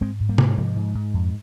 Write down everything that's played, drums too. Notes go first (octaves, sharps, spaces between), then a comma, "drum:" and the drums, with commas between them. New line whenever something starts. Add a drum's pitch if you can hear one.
G#2 G#3 C4
G#2
G3 A#3
G#2, drum: tom C3
G#2 F3 G#3
G#2
G#2
F2